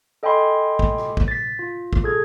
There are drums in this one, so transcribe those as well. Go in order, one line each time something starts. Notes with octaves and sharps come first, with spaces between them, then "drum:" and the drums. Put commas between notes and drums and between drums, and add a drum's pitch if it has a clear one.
A4 D#5 G5 G#5 B5 C6
drum: kick
drum: rim click
drum: kick
A6 B6
F4
drum: kick
G#4 A4 G#6